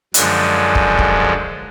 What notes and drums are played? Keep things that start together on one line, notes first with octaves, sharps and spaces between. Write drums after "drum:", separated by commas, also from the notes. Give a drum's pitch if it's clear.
F#2 D3 F3 G#3, drum: hi-hat
drum: kick
drum: kick